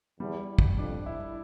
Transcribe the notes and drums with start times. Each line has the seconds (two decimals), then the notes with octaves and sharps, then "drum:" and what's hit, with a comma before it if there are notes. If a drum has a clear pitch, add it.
0.20 E2 G3
0.59 drum: kick
0.78 F2 D4
1.06 E4